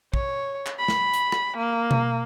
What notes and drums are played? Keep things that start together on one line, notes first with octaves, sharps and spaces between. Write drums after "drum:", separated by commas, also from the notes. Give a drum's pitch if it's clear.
C#5, drum: kick
drum: clap
B5
drum: snare
drum: hi-hat
drum: rim click
A#3
drum: tom B2